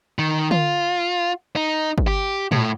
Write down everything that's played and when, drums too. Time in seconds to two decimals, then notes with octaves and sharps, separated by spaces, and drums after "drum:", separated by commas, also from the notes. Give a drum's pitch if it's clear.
0.19 D#3
0.51 F4, drum: tom D3
1.56 D#4
1.98 drum: kick
2.07 G4
2.52 A2, drum: tom